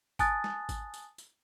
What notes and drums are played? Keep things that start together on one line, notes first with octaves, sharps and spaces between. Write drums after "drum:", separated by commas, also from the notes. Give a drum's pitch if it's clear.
G#5 A5 D#6 F#6 A6, drum: kick G#1, tambourine
drum: snare
drum: kick G#1, tambourine
drum: tambourine
drum: tambourine